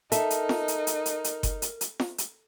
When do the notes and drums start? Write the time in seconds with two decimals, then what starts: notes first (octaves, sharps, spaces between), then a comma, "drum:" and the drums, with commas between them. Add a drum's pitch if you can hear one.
0.12 D#4 A4 A#4 E5, drum: hi-hat
0.30 drum: hi-hat
0.49 drum: snare
0.68 drum: hi-hat
0.87 drum: hi-hat
1.06 drum: hi-hat
1.24 drum: hi-hat
1.43 drum: kick F#1, hi-hat
1.62 drum: hi-hat
1.81 drum: hi-hat
2.00 drum: snare
2.18 drum: hi-hat